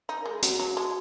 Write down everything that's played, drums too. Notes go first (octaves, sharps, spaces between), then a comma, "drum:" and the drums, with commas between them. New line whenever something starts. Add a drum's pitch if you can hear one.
D#4
G#3 A#4
G#4
F#3 F#4, drum: hi-hat
F#3
G#3